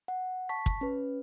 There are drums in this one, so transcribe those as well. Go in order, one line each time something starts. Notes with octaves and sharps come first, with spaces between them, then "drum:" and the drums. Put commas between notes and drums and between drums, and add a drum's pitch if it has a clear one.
F#5
A5 C#6 B6
drum: kick
C#4 B4